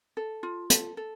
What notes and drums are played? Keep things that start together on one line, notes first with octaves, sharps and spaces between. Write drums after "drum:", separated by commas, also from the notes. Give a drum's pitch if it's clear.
A4
F4
A4, drum: hi-hat
A4